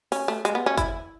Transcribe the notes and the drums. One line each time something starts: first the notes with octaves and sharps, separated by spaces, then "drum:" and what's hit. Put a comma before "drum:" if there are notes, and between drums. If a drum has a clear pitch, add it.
C#4, drum: open hi-hat
A3
G#3, drum: hi-hat
B3
C#4
E4, drum: kick G1, hi-hat